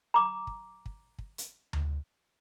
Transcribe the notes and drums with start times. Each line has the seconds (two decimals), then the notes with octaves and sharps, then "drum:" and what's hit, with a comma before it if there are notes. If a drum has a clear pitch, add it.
0.14 A#5 D6
0.47 drum: kick
0.86 drum: kick
1.19 drum: kick
1.38 drum: hi-hat
1.73 drum: tom D2